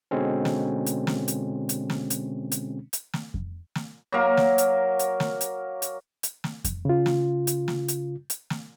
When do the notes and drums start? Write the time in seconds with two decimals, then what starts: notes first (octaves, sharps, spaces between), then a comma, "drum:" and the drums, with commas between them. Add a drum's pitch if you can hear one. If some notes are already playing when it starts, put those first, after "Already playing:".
0.11 B2 D3 G#3 C4 C#4
0.45 drum: snare
0.86 drum: hi-hat
1.07 drum: snare
1.28 drum: hi-hat
1.69 drum: hi-hat
1.90 drum: snare
2.10 drum: hi-hat
2.52 drum: hi-hat
2.93 drum: hi-hat
3.13 drum: snare
3.34 drum: kick F2
3.75 drum: snare
4.12 F#3 A#3 A#4 F5
4.37 drum: snare
4.58 drum: hi-hat
4.99 drum: hi-hat
5.20 drum: snare
5.41 drum: hi-hat
5.82 drum: hi-hat
6.23 drum: hi-hat
6.44 drum: snare
6.64 drum: kick F2, hi-hat
6.85 C#3 F4
7.06 drum: snare
7.47 drum: hi-hat
7.68 drum: snare
7.88 drum: hi-hat
8.30 drum: hi-hat
8.50 drum: snare